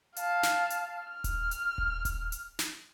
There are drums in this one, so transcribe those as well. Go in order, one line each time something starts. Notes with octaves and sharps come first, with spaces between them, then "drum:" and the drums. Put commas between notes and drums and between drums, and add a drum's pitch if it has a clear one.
F5 A5, drum: hi-hat
drum: snare
drum: hi-hat
F6
drum: kick D#1, hi-hat
drum: hi-hat
drum: kick D#1
drum: kick D#1, hi-hat
drum: hi-hat
drum: snare